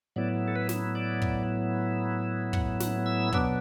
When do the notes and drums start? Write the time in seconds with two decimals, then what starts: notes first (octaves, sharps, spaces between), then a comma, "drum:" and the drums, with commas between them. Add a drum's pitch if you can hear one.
0.16 A2 F#3 B3 E4 D5
0.48 A4
0.56 B4
0.69 drum: snare
0.95 D5
1.22 drum: kick
2.53 F#5, drum: kick
2.80 F#6, drum: snare
3.06 E6
3.33 B2 F#3 B3 D4, drum: kick